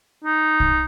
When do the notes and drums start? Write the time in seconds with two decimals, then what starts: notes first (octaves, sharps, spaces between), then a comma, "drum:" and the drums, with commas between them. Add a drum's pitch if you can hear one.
0.24 D#4
0.60 drum: kick